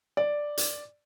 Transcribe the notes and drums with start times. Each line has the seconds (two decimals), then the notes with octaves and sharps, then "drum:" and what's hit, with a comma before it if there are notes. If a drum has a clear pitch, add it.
0.17 D5
0.57 drum: hi-hat